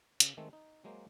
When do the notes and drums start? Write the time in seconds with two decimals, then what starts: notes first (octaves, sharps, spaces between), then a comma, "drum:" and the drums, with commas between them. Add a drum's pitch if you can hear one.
0.20 C#3, drum: hi-hat
0.37 D#3 G#3 A3 C4
0.53 D#4
0.84 F#3 G#3 A#3 C5